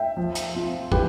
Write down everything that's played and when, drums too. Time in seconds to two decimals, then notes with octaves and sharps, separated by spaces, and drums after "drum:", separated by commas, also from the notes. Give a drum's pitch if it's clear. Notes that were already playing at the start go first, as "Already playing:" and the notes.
Already playing: E5 G5
0.17 F3
0.35 drum: hi-hat
0.55 C4 F4
0.92 E3 G4 B4, drum: kick